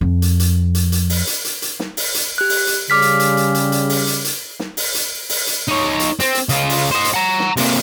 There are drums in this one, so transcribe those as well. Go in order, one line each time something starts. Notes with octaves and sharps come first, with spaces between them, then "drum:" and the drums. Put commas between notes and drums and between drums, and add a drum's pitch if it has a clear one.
F2
drum: hi-hat
drum: hi-hat
drum: hi-hat
drum: hi-hat
drum: open hi-hat
drum: hi-hat
drum: hi-hat
drum: hi-hat
drum: snare
drum: open hi-hat
drum: hi-hat
G4 F#6
drum: open hi-hat
drum: hi-hat
C#3 G3 D6 F6 B6
drum: hi-hat
drum: hi-hat
drum: hi-hat
drum: hi-hat
drum: hi-hat
drum: open hi-hat
drum: hi-hat
drum: hi-hat
drum: snare
drum: open hi-hat
drum: hi-hat
drum: open hi-hat
drum: hi-hat
D#4 C#5
drum: hi-hat
C4, drum: hi-hat
drum: hi-hat
C#3 F4, drum: hi-hat
drum: open hi-hat
C5 D#5
drum: hi-hat
F#5 A#5
drum: snare
C3 A#3, drum: open hi-hat